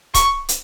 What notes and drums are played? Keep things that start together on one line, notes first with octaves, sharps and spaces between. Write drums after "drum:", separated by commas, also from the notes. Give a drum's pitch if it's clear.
C#6, drum: kick C#1, hi-hat
drum: hi-hat